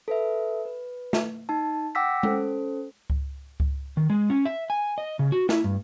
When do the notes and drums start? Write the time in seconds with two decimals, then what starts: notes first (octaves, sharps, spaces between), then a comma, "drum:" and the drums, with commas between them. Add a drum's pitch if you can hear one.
0.08 A4 B4 E5
0.65 B4
1.13 drum: snare
1.49 D#4 A5
1.95 F#5 G5 D6 E6 A#6 B6
2.23 C#4 A4 C5, drum: tom G#3
3.10 drum: kick C#2
3.60 drum: kick C#2
3.97 D#3
4.10 G#3
4.30 C#4
4.45 E5
4.70 G#5
4.98 D#5
5.19 C#3
5.32 F#4
5.49 E4, drum: snare
5.64 G2